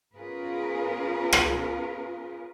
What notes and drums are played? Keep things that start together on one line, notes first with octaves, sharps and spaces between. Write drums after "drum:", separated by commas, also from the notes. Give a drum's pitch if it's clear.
B3 C#4 F4 G#4 A#4 B4
drum: rim click